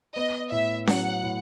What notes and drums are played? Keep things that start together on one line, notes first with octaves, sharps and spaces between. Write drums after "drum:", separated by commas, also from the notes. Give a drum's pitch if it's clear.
B3 D#5
A2 E5
F#3 F#5, drum: snare C#4
A2